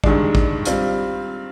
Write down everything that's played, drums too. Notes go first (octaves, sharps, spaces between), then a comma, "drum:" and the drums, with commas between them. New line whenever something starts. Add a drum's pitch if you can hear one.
G2 D#3 G#3 D4, drum: kick
drum: kick
G3 C4 F4, drum: hi-hat